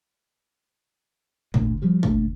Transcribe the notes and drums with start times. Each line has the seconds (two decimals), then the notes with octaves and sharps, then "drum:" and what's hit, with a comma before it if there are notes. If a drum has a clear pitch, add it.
1.54 D2 A#2, drum: kick
1.82 F3 G3
2.03 E1 D#2 D3 A3, drum: kick